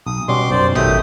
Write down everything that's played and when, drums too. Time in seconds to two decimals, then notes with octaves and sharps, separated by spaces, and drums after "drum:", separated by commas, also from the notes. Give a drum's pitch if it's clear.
0.06 B1 D#6
0.28 B2 G3 C#4 C6 D6
0.51 B1 F#2 C5 D5
0.75 B2 D#3 F#3 A3 G4 D#6, drum: tom